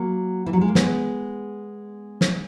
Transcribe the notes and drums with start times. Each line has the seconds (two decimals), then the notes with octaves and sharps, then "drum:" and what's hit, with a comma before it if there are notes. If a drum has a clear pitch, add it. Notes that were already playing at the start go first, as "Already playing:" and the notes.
Already playing: F#3 A#3
0.46 E3
0.53 F#3
0.61 G#3
0.68 A#3
0.75 G#3 B3, drum: snare
2.21 drum: snare